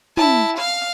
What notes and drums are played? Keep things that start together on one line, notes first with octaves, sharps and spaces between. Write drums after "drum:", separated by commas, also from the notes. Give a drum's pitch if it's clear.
E4 A5, drum: tom
F5 F6